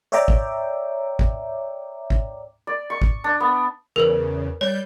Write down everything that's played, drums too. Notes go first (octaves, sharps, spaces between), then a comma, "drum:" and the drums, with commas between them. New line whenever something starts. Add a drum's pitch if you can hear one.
C#5 D5 E5 G5 A#5 D6
drum: kick
drum: kick
drum: kick
D5
C#6
drum: kick
D4
B3
E2 C#3 A#4 B4
G3 C#5 G6